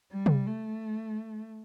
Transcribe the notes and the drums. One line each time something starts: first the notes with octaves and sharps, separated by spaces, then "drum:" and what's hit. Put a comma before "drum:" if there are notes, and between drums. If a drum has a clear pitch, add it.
G3
drum: tom C3
A3